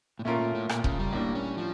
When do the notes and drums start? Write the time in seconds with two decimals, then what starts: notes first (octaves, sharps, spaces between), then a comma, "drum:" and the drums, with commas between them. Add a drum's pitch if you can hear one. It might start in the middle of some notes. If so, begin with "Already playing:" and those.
0.19 A2
0.25 A#2 A3 C#4 F4 A#4
0.40 A#2
0.55 A2
0.69 A#2, drum: rim click
0.84 C#3, drum: kick D#1
0.99 G3
1.12 A2 G3 A#3 D4
1.35 C#4
1.57 F3